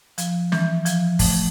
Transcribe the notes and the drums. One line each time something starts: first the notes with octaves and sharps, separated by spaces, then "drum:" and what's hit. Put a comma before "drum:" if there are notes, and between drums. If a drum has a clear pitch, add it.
F3, drum: hi-hat
E3, drum: snare
F3, drum: hi-hat
A3, drum: kick, open hi-hat